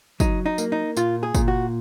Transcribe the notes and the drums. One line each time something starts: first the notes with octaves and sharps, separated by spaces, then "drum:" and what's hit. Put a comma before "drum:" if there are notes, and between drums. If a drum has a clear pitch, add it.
F#3 D#4, drum: kick, tambourine
D#4
A#3, drum: tambourine
D#4
A#2 F4, drum: tambourine
G#4
A#2, drum: kick, tambourine
F#4